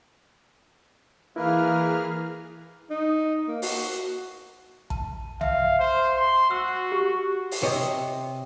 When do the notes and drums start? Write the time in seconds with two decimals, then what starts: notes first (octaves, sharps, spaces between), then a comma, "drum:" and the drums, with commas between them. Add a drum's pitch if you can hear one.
1.36 E3 A#3 E4 G#4 A#4 B4 F5 F6
2.90 D#4
3.48 A#3
3.62 F#4, drum: open hi-hat
4.90 A5, drum: kick
5.41 E5 F5, drum: tom B1
5.79 C5
6.17 C6
6.51 F#4 E6
6.92 G4
7.51 drum: open hi-hat
7.63 C3 C#5 D#5